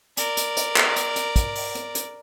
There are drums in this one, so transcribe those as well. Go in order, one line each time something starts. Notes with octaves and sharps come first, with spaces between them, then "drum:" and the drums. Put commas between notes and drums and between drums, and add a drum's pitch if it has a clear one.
A#4 D5, drum: hi-hat
drum: hi-hat
drum: hi-hat
drum: clap
drum: hi-hat
drum: hi-hat
drum: kick, hi-hat
drum: open hi-hat
drum: hi-hat
drum: hi-hat